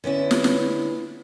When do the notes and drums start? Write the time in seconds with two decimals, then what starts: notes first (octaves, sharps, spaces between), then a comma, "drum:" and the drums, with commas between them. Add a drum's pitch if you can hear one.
0.04 D3 B3 C#4 E4
0.31 drum: snare
0.44 drum: snare